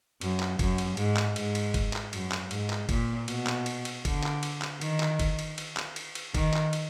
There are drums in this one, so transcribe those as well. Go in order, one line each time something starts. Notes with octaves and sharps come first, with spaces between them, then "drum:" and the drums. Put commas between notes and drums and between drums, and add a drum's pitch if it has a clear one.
F#2, drum: cymbal
drum: clap
F#2, drum: kick, cymbal
drum: cymbal
G#2, drum: cymbal
drum: clap
G#2, drum: cymbal
drum: cymbal
drum: kick, cymbal
drum: clap
F#2, drum: cymbal
drum: clap
G#2, drum: cymbal
drum: clap
A#2, drum: kick, cymbal
B2, drum: cymbal
drum: clap
drum: cymbal
drum: cymbal
D3, drum: kick, cymbal
drum: clap
drum: cymbal
drum: clap
D#3, drum: cymbal
drum: clap
drum: kick, cymbal
drum: cymbal
drum: cymbal
drum: clap
drum: cymbal
drum: cymbal
D#3, drum: kick, cymbal
drum: clap
drum: cymbal